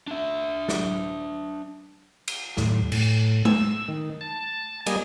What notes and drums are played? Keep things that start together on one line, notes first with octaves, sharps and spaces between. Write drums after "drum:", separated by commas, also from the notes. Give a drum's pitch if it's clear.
D4 E5
drum: snare
drum: cymbal
D#2 A2, drum: snare
A2, drum: cymbal
E6, drum: tom G#3
D#3
A5
G3 A#3 D#5 G#5, drum: cymbal